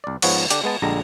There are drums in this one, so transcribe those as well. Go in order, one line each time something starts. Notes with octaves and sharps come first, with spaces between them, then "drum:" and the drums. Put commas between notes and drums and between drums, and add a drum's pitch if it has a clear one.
C2 D5
G#2 F3 B3 C#5 F#5, drum: cymbal
D3 D4 G4, drum: hi-hat
G#3 B3 A5
A#1 D3 G3 G#3 A#5